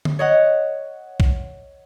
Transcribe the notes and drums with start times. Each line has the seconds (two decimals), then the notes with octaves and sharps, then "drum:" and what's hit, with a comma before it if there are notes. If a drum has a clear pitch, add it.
0.05 drum: tom D3
0.19 C#5 D#5 F#5
1.20 drum: kick A#1